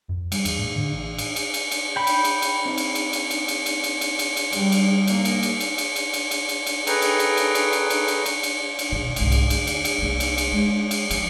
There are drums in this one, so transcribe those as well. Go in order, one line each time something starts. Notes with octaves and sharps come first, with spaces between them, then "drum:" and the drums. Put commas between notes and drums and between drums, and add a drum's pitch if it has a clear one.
F2
G3, drum: cymbal
E2, drum: cymbal
A2
D3
A1
drum: cymbal
drum: cymbal
drum: cymbal
drum: cymbal
G5 B5
drum: cymbal
drum: cymbal
drum: cymbal
C4 D#4
drum: cymbal
drum: cymbal
drum: cymbal
drum: cymbal
drum: cymbal
drum: cymbal
drum: cymbal
drum: cymbal
drum: cymbal
drum: cymbal
G3, drum: cymbal
drum: cymbal
A#3, drum: cymbal
drum: cymbal
drum: cymbal
drum: cymbal
drum: cymbal
drum: cymbal
drum: cymbal
drum: cymbal
drum: cymbal
drum: cymbal
G#4 A4 B4 C#5 G5 A#5, drum: cymbal
drum: cymbal
drum: cymbal
drum: cymbal
drum: cymbal
drum: cymbal
drum: cymbal
drum: cymbal
drum: cymbal
drum: cymbal
drum: cymbal
B2
C2 G#2, drum: cymbal
drum: cymbal
D2, drum: cymbal
drum: cymbal
drum: cymbal
C2 A#3
drum: cymbal
drum: cymbal
G#3
drum: cymbal
F3, drum: cymbal